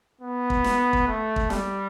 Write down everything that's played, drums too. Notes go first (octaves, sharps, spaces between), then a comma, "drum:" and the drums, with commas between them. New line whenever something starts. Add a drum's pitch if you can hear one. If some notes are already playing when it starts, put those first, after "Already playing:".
B3
drum: kick
drum: snare
drum: kick
A3
drum: kick
G3, drum: snare